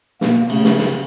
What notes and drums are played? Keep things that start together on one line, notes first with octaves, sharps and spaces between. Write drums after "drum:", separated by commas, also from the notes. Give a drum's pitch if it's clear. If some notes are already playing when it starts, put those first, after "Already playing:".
B2 A#3, drum: snare
C#3 A3, drum: cymbal
drum: snare
drum: snare